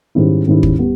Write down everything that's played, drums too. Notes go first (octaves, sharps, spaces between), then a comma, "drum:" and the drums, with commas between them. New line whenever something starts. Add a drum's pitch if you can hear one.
G#2 D#3 G3 C#4 E4
G#2 D#3 G3 C#4 E4
drum: kick
G3 B3